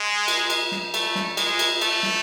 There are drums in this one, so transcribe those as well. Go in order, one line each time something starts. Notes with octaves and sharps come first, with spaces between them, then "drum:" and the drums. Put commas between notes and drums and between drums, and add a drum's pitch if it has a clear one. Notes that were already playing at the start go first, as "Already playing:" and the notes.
Already playing: G#3
drum: cymbal
drum: cymbal
drum: snare
A3, drum: cymbal
drum: snare
G#3, drum: cymbal
drum: cymbal
A3, drum: cymbal
drum: snare